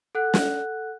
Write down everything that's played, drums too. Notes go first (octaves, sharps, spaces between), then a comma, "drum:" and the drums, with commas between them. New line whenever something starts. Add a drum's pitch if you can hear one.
A4 F#5 F#6
drum: snare